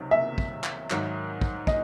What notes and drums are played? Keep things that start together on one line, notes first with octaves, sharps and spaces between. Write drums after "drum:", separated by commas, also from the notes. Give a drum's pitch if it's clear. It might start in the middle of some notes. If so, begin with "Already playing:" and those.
Already playing: C#2 C3 D#3 F#3
E5
drum: kick
drum: clap
G#2 D#3 F#3, drum: clap
drum: kick
D#5, drum: kick